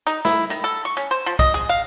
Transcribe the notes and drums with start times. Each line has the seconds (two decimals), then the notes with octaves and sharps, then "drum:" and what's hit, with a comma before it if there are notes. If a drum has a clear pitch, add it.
0.07 D#4, drum: hi-hat
0.25 E4, drum: snare
0.50 D#3, drum: hi-hat
0.64 A4
0.85 C#6
0.97 C#4, drum: hi-hat
1.11 C5
1.26 F3
1.39 D#5, drum: kick, hi-hat
1.54 G#4
1.69 F5